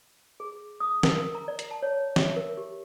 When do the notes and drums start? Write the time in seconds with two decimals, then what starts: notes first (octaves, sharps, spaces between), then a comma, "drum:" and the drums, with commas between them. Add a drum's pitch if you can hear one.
0.40 G#4
0.80 D#6
1.03 A#4, drum: snare
1.20 A#4
1.35 A#5
1.48 D5
1.59 drum: hi-hat
1.71 A5
1.83 C#5
2.16 E5, drum: snare
2.36 A#4
2.57 G4